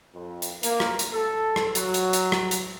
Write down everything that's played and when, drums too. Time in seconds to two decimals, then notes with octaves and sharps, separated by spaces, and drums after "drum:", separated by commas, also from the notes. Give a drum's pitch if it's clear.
0.15 F2
0.42 drum: hi-hat
0.63 A#3, drum: hi-hat
0.80 drum: rim click
0.99 drum: hi-hat
1.13 A4
1.56 drum: rim click
1.75 F#3, drum: hi-hat
1.94 drum: hi-hat
2.13 drum: hi-hat
2.32 drum: rim click
2.51 drum: hi-hat